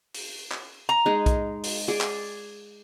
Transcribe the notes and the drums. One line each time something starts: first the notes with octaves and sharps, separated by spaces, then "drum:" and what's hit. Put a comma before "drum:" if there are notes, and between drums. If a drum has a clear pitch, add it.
drum: open hi-hat
drum: clap
A#5
G#3 D#4 G#4
drum: kick B1, hi-hat
drum: open hi-hat
G#4 D5
drum: clap